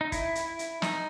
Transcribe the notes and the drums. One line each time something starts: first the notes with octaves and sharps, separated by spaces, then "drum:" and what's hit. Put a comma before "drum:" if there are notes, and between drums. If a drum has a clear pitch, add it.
D#4
E4, drum: kick, hi-hat
drum: hi-hat
drum: hi-hat
D#4, drum: snare